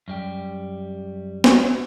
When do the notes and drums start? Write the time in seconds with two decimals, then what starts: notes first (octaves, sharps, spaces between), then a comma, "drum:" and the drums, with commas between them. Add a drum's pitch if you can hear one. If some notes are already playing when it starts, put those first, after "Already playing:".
0.08 F#2 G3 G4
1.44 drum: snare